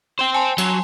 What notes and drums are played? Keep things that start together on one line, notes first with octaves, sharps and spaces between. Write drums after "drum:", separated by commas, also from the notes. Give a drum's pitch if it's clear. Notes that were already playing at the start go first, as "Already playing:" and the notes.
C5 G5
G#5 A5 C6
F#3, drum: cymbal